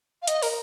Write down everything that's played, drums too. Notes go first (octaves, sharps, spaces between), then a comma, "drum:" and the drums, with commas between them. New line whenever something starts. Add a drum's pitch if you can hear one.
F5
D#5, drum: hi-hat
A#4, drum: open hi-hat